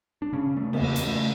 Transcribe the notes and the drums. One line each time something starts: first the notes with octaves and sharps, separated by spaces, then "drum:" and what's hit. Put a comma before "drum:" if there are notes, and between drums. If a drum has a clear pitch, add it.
D4
C#3 C#4
C#3
A3
C#3
B3, drum: cymbal
E2 A#3
C#3, drum: hi-hat
A3